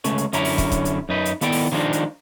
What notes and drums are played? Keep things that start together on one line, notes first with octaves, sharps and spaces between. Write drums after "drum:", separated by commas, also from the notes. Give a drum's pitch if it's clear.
C#2 A3 C#4, drum: hi-hat
drum: hi-hat
F#2 D3 C#4 E4 A#5, drum: hi-hat
drum: open hi-hat
drum: kick, hi-hat
drum: kick, hi-hat
drum: hi-hat
F#2 D#4 B4
drum: hi-hat
D#3 B3 E4 A4 D5 G5, drum: hi-hat
drum: open hi-hat
D#3 F3 G#3 A#3 D4 D#4
drum: hi-hat